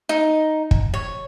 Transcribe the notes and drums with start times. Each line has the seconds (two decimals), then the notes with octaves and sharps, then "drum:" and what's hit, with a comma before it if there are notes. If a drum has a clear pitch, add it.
0.09 D#4
0.71 drum: kick
0.94 C#5